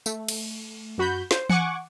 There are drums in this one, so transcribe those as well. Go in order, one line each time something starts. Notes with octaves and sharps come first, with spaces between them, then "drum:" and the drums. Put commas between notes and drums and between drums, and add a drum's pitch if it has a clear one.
A3, drum: tambourine
drum: cymbal
F#2 F#4 B5 G6
C5, drum: snare
F#5 G#5 C#6 D6, drum: tom E3